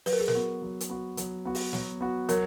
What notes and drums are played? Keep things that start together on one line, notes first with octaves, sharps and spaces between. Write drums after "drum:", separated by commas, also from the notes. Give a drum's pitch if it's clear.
F#3 B4, drum: open hi-hat
A#4
G#4
A#4, drum: snare
B3 F#4
F#3
drum: hi-hat
B3 F#4
F#3, drum: hi-hat
B3 F#4
drum: open hi-hat
F#3, drum: snare
B3 F#4
F#3 A#4, drum: hi-hat